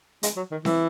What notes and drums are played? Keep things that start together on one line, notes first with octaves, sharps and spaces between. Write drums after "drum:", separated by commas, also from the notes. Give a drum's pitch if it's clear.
G#3, drum: hi-hat
F#3
D#3
E3, drum: snare C4